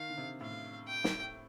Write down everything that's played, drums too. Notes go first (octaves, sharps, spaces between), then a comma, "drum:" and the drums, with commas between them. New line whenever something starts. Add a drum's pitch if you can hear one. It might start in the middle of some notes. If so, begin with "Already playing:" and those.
Already playing: D#3 F5
D3
C3
A2 F5
G5
drum: snare